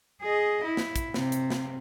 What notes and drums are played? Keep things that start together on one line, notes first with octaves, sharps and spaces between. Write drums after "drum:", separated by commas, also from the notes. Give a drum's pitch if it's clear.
G#4 D#5
E4
drum: snare
drum: kick, hi-hat
C3, drum: snare
drum: hi-hat
drum: snare